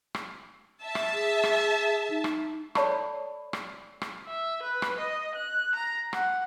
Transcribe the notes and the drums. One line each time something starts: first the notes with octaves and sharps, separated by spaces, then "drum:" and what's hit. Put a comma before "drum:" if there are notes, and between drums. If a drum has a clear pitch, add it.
drum: rim click
E5 A5
drum: rim click
G#4
drum: rim click
D#4
drum: rim click
A4 C#5 D5 A5 B5 C#6, drum: rim click
drum: rim click
drum: rim click
E5
B4
drum: rim click
D#5
F#6
A#5
F#5, drum: rim click